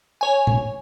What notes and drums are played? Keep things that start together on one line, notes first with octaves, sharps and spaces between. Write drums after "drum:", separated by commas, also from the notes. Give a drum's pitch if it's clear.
C#5 G#5
drum: tom